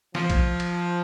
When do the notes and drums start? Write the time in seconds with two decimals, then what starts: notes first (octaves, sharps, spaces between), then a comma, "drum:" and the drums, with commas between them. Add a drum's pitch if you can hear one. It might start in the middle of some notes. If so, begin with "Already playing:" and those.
0.15 F3, drum: snare
0.30 drum: kick, cymbal
0.60 drum: cymbal